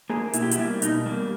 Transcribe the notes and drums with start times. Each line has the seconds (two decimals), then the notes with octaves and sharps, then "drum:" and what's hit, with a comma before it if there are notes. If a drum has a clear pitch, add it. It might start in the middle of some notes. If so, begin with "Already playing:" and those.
0.10 A#3 G#4
0.33 B2 E4, drum: hi-hat
0.42 G4
0.51 E4, drum: hi-hat
0.58 G3 A#3
0.82 B2 D#4, drum: hi-hat
1.05 G3 A#3